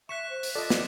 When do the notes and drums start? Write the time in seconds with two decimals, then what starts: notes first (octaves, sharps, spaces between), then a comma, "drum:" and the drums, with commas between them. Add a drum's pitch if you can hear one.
0.09 E5 C#6 F#6 B6 E7
0.30 C5
0.43 drum: open hi-hat
0.55 F4 A4 D5 D#5
0.70 drum: snare